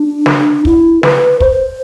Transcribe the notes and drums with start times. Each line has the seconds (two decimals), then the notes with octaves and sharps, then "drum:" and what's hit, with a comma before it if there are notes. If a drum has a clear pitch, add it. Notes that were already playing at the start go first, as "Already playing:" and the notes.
Already playing: D4
0.26 drum: snare
0.65 E4, drum: kick
1.03 B4, drum: snare
1.40 C5, drum: kick